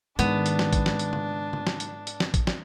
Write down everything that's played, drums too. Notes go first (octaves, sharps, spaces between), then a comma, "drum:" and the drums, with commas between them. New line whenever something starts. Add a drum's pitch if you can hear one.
G#2 D#3 G#3 B3 D4, drum: hi-hat
drum: hi-hat
drum: snare
drum: kick, hi-hat
drum: snare
drum: hi-hat
drum: tom C#3
drum: tom C#3
drum: snare
drum: hi-hat
drum: hi-hat
drum: snare
drum: kick, hi-hat
drum: snare